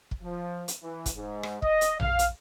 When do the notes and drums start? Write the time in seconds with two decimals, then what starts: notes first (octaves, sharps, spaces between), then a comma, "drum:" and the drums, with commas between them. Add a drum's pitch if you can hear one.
0.11 drum: kick
0.23 F3
0.68 drum: hi-hat
0.82 E3
1.06 drum: kick, hi-hat
1.15 G#2
1.43 drum: rim click
1.62 D#5, drum: kick
1.81 drum: hi-hat
2.00 F5, drum: tom A#1
2.19 drum: hi-hat